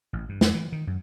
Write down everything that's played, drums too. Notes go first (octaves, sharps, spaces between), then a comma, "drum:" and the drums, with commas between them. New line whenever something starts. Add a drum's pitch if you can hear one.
A1
G2
F2, drum: snare
E3
D#3
F#2